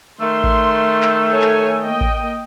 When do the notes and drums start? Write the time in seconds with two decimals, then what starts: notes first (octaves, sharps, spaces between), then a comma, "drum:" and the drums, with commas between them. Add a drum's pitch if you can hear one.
0.21 D#3 A3 C6
0.44 drum: kick A1
1.03 drum: clap
1.30 A4 C#5 G#5
1.42 drum: clap
1.81 A#3 D#5 G5
2.01 drum: kick A1